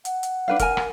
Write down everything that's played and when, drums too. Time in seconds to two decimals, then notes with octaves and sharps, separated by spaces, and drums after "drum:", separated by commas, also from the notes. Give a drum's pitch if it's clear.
0.05 F#5, drum: hi-hat
0.23 drum: hi-hat
0.48 D4 B4 F5
0.59 A#4 G#5, drum: kick F1, hi-hat
0.77 drum: rim click